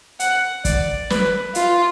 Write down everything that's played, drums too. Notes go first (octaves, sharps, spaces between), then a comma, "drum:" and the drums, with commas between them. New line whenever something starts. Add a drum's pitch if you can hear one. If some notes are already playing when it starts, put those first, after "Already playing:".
F#5, drum: hi-hat
D5, drum: kick, hi-hat
B4, drum: snare
F4, drum: hi-hat